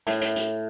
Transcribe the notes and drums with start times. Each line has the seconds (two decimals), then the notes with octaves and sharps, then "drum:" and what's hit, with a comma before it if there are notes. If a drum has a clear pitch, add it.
0.07 A2, drum: hi-hat
0.21 drum: hi-hat
0.36 drum: hi-hat